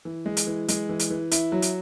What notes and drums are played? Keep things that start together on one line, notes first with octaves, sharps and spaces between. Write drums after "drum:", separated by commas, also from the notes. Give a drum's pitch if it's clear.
E3
G#3
drum: hi-hat
E3
G#3, drum: hi-hat
E3
drum: hi-hat
E3
E4, drum: hi-hat
F#3
drum: hi-hat